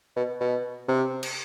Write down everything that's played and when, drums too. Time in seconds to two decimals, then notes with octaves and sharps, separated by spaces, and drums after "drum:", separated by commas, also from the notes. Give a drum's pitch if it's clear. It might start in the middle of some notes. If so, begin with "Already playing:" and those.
0.16 B2
0.40 B2
0.88 C3
1.23 drum: cymbal